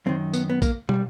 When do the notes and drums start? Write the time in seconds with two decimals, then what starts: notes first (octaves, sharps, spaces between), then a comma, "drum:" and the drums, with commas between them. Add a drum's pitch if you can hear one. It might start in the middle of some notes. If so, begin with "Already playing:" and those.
0.06 F#2 D#3 C4
0.33 B3, drum: tambourine
0.50 B3
0.62 A#3, drum: kick A#1, tambourine
0.89 G3, drum: tom